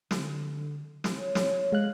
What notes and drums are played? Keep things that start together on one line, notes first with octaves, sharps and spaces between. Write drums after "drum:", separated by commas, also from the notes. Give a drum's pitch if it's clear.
D3, drum: snare
drum: snare
C#5
drum: snare
G#3 F5 F#6